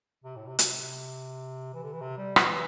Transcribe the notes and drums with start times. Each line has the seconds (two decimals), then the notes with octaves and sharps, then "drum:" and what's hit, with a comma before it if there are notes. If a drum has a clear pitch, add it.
0.24 C3
0.36 A2
0.47 C3
0.59 C3, drum: hi-hat
1.74 E3
1.83 D3
1.92 E3
2.01 C3
2.18 G3
2.36 E3, drum: rim click